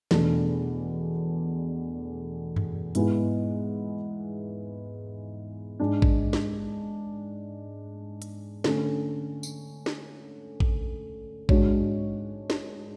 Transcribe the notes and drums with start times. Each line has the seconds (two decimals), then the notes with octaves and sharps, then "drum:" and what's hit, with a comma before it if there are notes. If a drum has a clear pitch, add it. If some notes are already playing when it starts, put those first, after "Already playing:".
0.11 E2 B2 A3 D4, drum: snare
2.56 drum: tom F#2
2.95 G#2 G#3 B3 E4 G#4, drum: hi-hat
5.79 G#2 G#3 D4
6.02 drum: kick A1
6.33 drum: snare
8.22 drum: hi-hat
8.64 D3 A3 C#4, drum: snare
9.43 drum: tambourine
9.86 drum: snare
10.60 drum: kick A1
11.49 G#2 G#3 D4 F#4 C#5, drum: kick A1
12.50 drum: snare